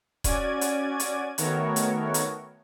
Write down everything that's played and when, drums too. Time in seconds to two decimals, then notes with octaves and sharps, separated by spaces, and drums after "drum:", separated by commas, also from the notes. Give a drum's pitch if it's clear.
0.24 C#4 F#4 D5 G#6 D#7, drum: kick E1, hi-hat
0.61 drum: hi-hat
1.00 drum: hi-hat
1.38 D#3 A3 B3 F#4 A#4 C#5, drum: hi-hat
1.76 drum: hi-hat
2.14 drum: hi-hat